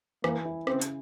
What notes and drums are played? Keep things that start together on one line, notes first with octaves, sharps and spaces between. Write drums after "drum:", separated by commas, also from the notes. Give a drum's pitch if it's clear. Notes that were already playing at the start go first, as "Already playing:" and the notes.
E3 A#3, drum: rim click
E4
C#3 C4, drum: rim click
drum: hi-hat